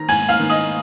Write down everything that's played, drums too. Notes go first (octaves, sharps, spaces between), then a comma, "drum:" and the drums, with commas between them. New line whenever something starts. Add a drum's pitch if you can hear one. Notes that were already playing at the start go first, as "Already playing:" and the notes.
Already playing: D#3 A#5 A#6
G#2 G#5 G#6, drum: cymbal
F5 F6, drum: cymbal
D#3
D#5 D#6, drum: cymbal